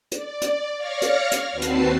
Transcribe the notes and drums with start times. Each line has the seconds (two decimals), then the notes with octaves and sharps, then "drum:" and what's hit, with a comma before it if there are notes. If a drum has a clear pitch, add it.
0.12 D5, drum: hi-hat
0.42 drum: hi-hat
0.77 C#5 D5 F5 C#6 F6 A#6
1.02 drum: hi-hat
1.32 drum: hi-hat
1.52 D#2 C4 F#4 B4 A5 C7
1.62 drum: hi-hat